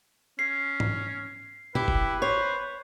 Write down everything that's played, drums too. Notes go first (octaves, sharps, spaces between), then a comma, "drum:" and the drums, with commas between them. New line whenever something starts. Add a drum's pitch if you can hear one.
C#4 C7
drum: tom G#2
E4 G4 B4, drum: tom A#2
drum: kick
C5 C#5